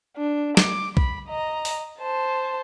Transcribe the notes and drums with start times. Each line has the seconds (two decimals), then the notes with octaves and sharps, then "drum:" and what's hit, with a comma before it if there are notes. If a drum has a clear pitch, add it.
0.17 D4
0.57 D6, drum: snare
0.97 B5, drum: kick
1.28 D#5 A#5
1.65 drum: open hi-hat
1.99 C5 A5